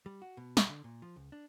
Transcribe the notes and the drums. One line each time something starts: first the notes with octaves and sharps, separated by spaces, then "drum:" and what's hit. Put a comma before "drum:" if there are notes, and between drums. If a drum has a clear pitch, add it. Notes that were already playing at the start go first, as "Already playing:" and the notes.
G3
F#4
B2
B1, drum: snare
D3
A#2
F3
C#2
D4